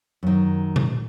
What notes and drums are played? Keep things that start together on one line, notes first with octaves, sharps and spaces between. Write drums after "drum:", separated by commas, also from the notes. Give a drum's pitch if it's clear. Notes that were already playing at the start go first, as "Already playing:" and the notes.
F#2 D#3
drum: tom A#2